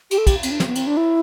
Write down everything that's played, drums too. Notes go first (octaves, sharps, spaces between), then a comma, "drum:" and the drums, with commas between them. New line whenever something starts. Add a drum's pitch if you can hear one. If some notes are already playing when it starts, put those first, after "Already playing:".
G4, drum: cymbal
A4
G4, drum: kick, cymbal
C4, drum: cymbal
D4
C4, drum: snare
B3
C4, drum: cymbal
D4
E4